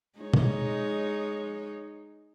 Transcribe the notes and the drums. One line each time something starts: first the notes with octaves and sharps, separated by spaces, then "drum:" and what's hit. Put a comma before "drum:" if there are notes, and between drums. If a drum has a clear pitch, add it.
G#3 D#4 C#5
drum: tom